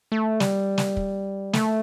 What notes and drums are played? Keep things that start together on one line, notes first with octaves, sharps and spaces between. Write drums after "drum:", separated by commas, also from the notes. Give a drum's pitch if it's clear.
A3
G3, drum: snare
drum: snare
drum: kick
A3, drum: snare